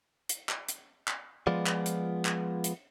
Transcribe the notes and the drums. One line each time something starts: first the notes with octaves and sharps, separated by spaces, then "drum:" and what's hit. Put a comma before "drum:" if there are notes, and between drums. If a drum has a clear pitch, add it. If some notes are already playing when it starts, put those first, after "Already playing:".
drum: hi-hat
drum: clap
drum: hi-hat
drum: clap
F3 G#3 B3 F4 D5
drum: clap
drum: hi-hat
drum: clap
drum: hi-hat